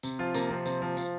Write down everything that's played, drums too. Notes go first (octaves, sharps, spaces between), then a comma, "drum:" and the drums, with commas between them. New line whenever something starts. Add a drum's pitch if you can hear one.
C3, drum: tambourine
F3 F4
C3 A#3, drum: tambourine
F3 C4
C3, drum: tambourine
F3
F3, drum: tambourine